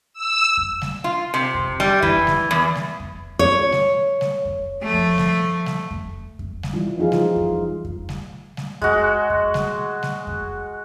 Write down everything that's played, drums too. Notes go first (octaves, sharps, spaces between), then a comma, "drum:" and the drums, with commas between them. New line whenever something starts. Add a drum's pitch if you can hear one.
E6
drum: kick F2
drum: snare G3
F4
C3
drum: kick F2
G3
E3, drum: kick F2
drum: snare G3
E2
drum: snare G3
drum: kick F2
C#5
drum: snare G3
drum: snare G3
drum: kick F2
F3 A3
drum: kick F2
drum: snare G3
drum: snare G3
drum: kick F2
drum: kick F2
drum: snare G3
E3 G3 E4 F4
F3 D#4 F4 G#4 F5
drum: snare G3
drum: kick F2
drum: kick F2
drum: snare G3
drum: snare G3
G#3 F#4, drum: kick F2
drum: kick F2
drum: snare G3
drum: snare G3
drum: kick F2